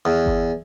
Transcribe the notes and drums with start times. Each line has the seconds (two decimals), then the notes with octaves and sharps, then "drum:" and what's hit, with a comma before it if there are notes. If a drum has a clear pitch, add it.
0.05 E2
0.26 drum: kick G1